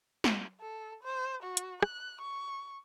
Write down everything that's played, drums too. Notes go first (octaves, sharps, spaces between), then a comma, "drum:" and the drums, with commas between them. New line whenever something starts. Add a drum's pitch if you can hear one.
drum: snare
A4
C5
F#4
drum: hi-hat
F#6, drum: rim click
C#6